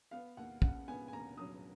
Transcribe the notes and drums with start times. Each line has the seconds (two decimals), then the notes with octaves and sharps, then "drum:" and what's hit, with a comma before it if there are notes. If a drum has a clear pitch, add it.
0.11 B3 F5
0.37 D#2 F#5
0.62 C#3 F#5, drum: kick
0.88 B3 G#5
1.08 G#5
1.13 D#2 A#5
1.37 F#3 D#6